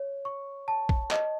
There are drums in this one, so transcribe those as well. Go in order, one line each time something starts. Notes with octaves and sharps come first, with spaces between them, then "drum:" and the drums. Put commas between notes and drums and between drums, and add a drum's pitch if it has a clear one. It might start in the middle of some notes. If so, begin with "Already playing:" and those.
Already playing: C#5
C#6
A5
drum: kick A#1
D#5, drum: clap